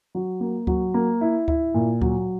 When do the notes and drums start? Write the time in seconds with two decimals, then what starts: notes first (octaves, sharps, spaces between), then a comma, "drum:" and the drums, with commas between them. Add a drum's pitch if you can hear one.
0.15 F#3
0.40 A#3
0.67 F#3, drum: kick D2
0.94 A#3
1.21 E4
1.48 E4, drum: kick D2
1.74 A#2
2.02 F#3, drum: kick D2